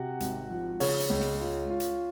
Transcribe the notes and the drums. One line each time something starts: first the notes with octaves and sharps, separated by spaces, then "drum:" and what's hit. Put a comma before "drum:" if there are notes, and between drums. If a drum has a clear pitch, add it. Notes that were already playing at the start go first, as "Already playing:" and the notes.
Already playing: C3 F#4 F#5
G#1, drum: hi-hat
F3
C#3 C#4 C#5, drum: open hi-hat
drum: hi-hat
C#2
drum: snare
F4
F4
drum: hi-hat